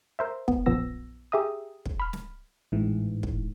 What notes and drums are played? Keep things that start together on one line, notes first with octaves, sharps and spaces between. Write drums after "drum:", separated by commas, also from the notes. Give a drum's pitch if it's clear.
A#4 C5 E5
B3, drum: kick
A#1 F#2 F3 B3 E6 A#6
G4 G#4 E5 A#5 D#6
drum: kick
B5 F6
drum: snare
A1 G#2 E3
drum: kick